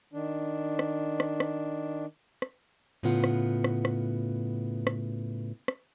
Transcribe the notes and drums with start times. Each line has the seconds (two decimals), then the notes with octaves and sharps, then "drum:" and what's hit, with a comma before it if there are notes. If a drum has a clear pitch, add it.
0.13 D#3 D4
0.79 drum: rim click
1.20 drum: rim click
1.40 drum: rim click
2.42 drum: rim click
3.03 A2 C#3 B3 F4 F#5
3.24 drum: rim click
3.64 drum: rim click
3.85 drum: rim click
4.87 drum: rim click
5.68 drum: rim click